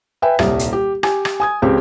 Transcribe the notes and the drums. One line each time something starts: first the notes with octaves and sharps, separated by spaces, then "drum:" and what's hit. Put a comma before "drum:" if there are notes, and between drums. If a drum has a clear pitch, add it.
B4 E5 G5 G#5
D#1 C2, drum: rim click
drum: hi-hat
G4
G4 G#5, drum: rim click
drum: rim click
G#5 D#6 G#6
C#2 C4 G4